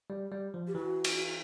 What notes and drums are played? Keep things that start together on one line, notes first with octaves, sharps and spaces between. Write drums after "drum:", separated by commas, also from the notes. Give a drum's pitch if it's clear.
G3
G3
F3
G4
E3 F#4
drum: cymbal